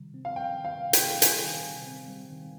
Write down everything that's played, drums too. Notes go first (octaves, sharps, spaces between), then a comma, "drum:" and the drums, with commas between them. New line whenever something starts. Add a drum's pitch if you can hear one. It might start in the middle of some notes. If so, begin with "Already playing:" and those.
Already playing: C3 D#3 G3
C4
F5
G3 G5
D#3
F5
C3
G5, drum: hi-hat
C4
G3 G#5, drum: hi-hat
D#3
C3
C4
G3
D#3